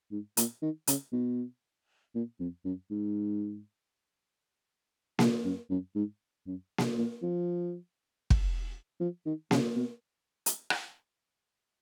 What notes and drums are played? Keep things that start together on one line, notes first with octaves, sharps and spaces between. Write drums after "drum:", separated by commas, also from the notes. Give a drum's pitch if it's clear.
G#2
A#2, drum: hi-hat
D#3
C#3, drum: hi-hat
B2
A#2
F2
F#2
G#2
A#2, drum: snare A#3
F#2
F#2
G#2
F#2
drum: snare A#3
A#2
F3
drum: kick
F3
D#3
C#3, drum: snare A#3
B2
drum: hi-hat
drum: rim click